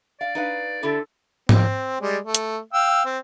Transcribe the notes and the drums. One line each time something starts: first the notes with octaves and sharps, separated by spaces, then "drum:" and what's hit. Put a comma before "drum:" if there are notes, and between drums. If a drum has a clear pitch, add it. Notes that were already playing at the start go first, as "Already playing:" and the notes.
D5 F5
D#4 B4 F5
D3 E4 G4 A4
C4, drum: tom G#2
G3 G#3 D5
A3
drum: hi-hat
F5 G5 E6
C4